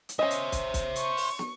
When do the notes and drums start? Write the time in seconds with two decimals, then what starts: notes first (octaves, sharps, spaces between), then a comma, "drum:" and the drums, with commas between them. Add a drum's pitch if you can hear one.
0.09 drum: hi-hat
0.19 C#4 C5 D#5 E5
0.31 drum: hi-hat
0.52 drum: kick, hi-hat
0.74 drum: kick, hi-hat
0.96 C#6, drum: hi-hat
1.17 drum: open hi-hat
1.39 drum: snare